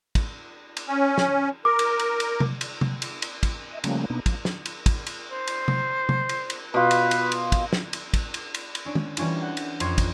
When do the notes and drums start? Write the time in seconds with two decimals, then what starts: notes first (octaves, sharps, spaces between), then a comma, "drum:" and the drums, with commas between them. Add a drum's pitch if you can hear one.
0.15 drum: kick, cymbal
0.77 drum: cymbal
0.88 C#4
1.18 drum: snare
1.65 A#4 D6
1.79 drum: cymbal
1.99 drum: cymbal
2.20 drum: cymbal
2.40 drum: tom C3
2.61 drum: cymbal
2.81 drum: tom C3
3.02 drum: cymbal
3.22 drum: cymbal
3.43 drum: kick, cymbal
3.71 D#5 E5
3.84 C#3 F3 G3 A3 A#3 C#4, drum: cymbal
4.10 B2 A#3 B3 D4 D#4
4.26 F3, drum: kick, cymbal
4.45 drum: snare
4.66 drum: cymbal
4.86 drum: kick, cymbal
5.07 drum: cymbal
5.31 C5
5.47 drum: cymbal
5.68 drum: tom C3
6.09 drum: tom C3
6.29 drum: cymbal
6.50 drum: cymbal
6.74 B2 F4 B4
6.91 drum: cymbal
7.11 drum: cymbal
7.32 drum: cymbal
7.52 drum: kick, cymbal
7.73 drum: snare
7.93 drum: cymbal
8.14 drum: kick, cymbal
8.34 drum: cymbal
8.54 drum: cymbal
8.75 drum: cymbal
8.85 C#4 D4 D5
8.95 drum: tom
9.17 E3 G3 C#4 D4 F4, drum: cymbal
9.42 F#5 G6
9.57 drum: cymbal
9.80 F2 C#4 C#5 C6 G#6, drum: cymbal
9.98 drum: kick, cymbal